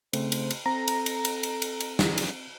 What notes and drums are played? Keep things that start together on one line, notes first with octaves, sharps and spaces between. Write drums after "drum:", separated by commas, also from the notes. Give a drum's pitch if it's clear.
C#3 A3 C4 D#4 G#4 C5, drum: cymbal
drum: cymbal
drum: cymbal
C4 A4 A#5
drum: cymbal
drum: cymbal
drum: cymbal
drum: cymbal
drum: cymbal
drum: cymbal
drum: snare
drum: cymbal